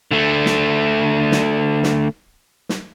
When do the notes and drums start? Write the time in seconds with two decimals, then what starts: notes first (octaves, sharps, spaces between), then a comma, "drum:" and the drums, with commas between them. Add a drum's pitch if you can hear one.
0.11 D3 A3
0.46 drum: snare
1.32 drum: snare
1.83 drum: snare
2.69 drum: snare